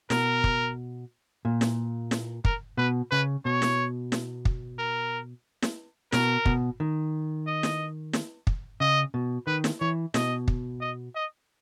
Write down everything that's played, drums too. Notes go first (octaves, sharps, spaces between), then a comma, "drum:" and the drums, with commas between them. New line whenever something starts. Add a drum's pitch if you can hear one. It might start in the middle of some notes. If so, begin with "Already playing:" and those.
B2 A#4, drum: snare
drum: kick
A#2
drum: snare
drum: snare
A#4, drum: kick
B2 B4
C#3 B4
B2 C#5
drum: snare
drum: snare
drum: kick
A#4
drum: snare
B2 A#4, drum: snare
B2, drum: kick
D#3
D#5
drum: snare
drum: snare
drum: kick
C#3 D#5
B2
D#3 B4
drum: snare
E3 C#5
B2 D#5, drum: snare
drum: kick
D#5
D#5